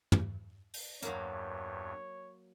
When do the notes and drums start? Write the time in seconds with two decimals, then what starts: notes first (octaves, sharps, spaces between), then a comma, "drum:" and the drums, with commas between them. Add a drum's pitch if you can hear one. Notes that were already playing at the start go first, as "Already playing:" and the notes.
0.12 drum: tom
0.74 drum: open hi-hat
1.03 E2 G2 F#3 A#3 C#5, drum: hi-hat